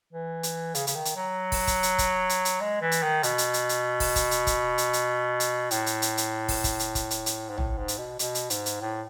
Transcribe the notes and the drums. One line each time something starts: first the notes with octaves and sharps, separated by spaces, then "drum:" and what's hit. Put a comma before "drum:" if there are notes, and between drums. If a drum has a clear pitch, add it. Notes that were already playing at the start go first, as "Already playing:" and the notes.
E3
drum: hi-hat
C#3, drum: hi-hat
C#3, drum: hi-hat
D#3
drum: hi-hat
F#3
drum: kick, open hi-hat
drum: kick, hi-hat
drum: hi-hat
drum: kick, hi-hat
drum: hi-hat
drum: hi-hat
G#3
E3
drum: hi-hat
D#3
B2, drum: hi-hat
drum: hi-hat
drum: hi-hat
drum: hi-hat
drum: kick, open hi-hat
drum: kick, hi-hat
drum: hi-hat
drum: kick, hi-hat
drum: hi-hat
drum: hi-hat
drum: hi-hat
A2, drum: hi-hat
drum: hi-hat
drum: hi-hat
drum: hi-hat
drum: kick, open hi-hat
drum: kick, hi-hat
drum: hi-hat
drum: kick, hi-hat
drum: hi-hat
drum: hi-hat
G#2
A2, drum: tom
G#2
drum: hi-hat
B2
B2, drum: hi-hat
drum: hi-hat
G#2, drum: hi-hat
drum: hi-hat
A2